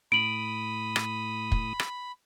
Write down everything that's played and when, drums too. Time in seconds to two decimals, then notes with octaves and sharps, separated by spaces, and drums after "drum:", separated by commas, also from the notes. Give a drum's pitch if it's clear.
0.12 A2 B5 D#6 D7 F#7
0.96 drum: rim click
1.52 drum: kick
1.80 drum: rim click